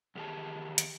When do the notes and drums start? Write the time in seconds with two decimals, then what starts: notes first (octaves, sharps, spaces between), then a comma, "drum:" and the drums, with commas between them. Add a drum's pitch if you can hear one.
0.15 E2 D#3 G4 G#4 A5
0.78 drum: hi-hat